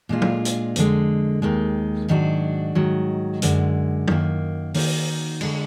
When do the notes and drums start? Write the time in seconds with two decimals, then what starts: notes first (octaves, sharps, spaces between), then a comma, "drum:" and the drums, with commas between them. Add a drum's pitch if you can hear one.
0.09 A#2 G#3 D4 F4
0.22 drum: tom F#3
0.45 drum: hi-hat
0.76 F2 D3 G#3, drum: hi-hat
1.42 D#2 D#3 G#3
2.08 G#2 D#3 F#3 D4 F#4
2.75 G#2 D#3 F#3
3.42 F#2 D3 G#3, drum: hi-hat
4.08 F#2 D#3 A#3, drum: tom F#3
4.74 D#3 A#3 D#4 F#4, drum: open hi-hat
5.41 D3 G#3, drum: cymbal